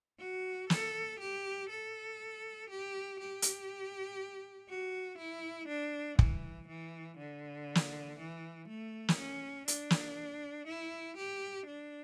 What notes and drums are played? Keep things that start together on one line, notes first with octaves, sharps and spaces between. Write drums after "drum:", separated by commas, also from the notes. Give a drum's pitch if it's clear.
F#4
A4, drum: snare
G4
A4
G4
G4
drum: hi-hat
F#4
E4
D4
E3, drum: kick
E3
D3
drum: snare
E3
A3
drum: snare
C#4
D4, drum: hi-hat
drum: snare
E4
G4
D4